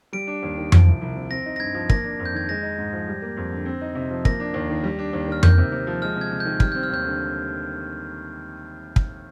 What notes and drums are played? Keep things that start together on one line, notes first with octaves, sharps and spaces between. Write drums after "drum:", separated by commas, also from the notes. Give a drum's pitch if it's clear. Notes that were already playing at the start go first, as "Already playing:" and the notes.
G3 D7
D4
D#2
D#3
F3, drum: tom F2
C2
C2
C3
C4 A#6
D#4
A#6
G2 G#6
F3
A#3 A#6, drum: kick
D4
F2
G6
D#3 G#6
G#3 A#6
D#4
G#2
F3
G3
A#3
F2
D3
C4
D#4
C3
F3
A#3 A#6, drum: kick
D4
D#2
D#3
G3
D4
D#2
D#3 F6
A#3 G6, drum: tom F2
C3
C3
F3
G#3 F6
C3
G#6
C3
G6
D#3
G3 F6, drum: kick
C4 G6
F6
D#2 G6
D3
drum: kick